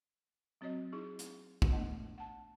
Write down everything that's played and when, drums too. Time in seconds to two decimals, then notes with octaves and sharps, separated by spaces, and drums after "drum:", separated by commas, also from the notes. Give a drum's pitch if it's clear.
0.61 F#3 C4 F#4 C#5 D#5
0.92 D#4 E4 G#4
1.19 drum: hi-hat
1.62 drum: kick
1.72 A3 B3 D4 D#5 F#5
2.18 F#5 A5